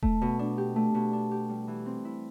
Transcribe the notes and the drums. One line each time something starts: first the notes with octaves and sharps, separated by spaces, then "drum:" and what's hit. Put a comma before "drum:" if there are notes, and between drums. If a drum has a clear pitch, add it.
A3, drum: kick E1
B2
D4
G4
A3
B2
D4
G4
G3
E3
C4
E4